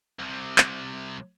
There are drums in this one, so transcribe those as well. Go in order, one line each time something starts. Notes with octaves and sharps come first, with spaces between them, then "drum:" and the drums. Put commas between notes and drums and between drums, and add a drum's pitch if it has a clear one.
C2 C3
drum: clap